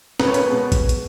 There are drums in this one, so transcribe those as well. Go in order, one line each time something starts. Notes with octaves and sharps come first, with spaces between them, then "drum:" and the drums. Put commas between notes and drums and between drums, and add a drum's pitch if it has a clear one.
C#2 B4, drum: snare
C#5
B4, drum: hi-hat
B2 G#3 B3
drum: kick, hi-hat
drum: hi-hat